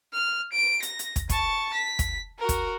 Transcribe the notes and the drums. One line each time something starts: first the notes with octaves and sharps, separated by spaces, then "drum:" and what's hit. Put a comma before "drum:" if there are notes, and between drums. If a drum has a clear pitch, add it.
F6
D7
A#6, drum: hi-hat
drum: hi-hat
drum: kick, hi-hat
A5 C#6, drum: kick, hi-hat
B6
drum: kick, hi-hat
F#4 A#4
drum: kick, hi-hat